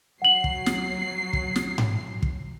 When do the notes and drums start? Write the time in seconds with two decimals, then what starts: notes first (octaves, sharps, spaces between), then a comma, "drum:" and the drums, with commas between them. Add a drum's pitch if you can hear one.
0.22 F#3 F#5 C7 F#7
0.44 drum: kick
0.66 drum: snare
1.33 drum: kick
1.56 drum: snare
1.78 drum: tom G#2
2.23 drum: kick